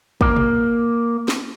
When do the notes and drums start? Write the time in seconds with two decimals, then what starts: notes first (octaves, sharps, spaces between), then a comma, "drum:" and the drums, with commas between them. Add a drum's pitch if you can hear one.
0.21 A#3, drum: kick
0.36 drum: tom A#2
1.28 drum: snare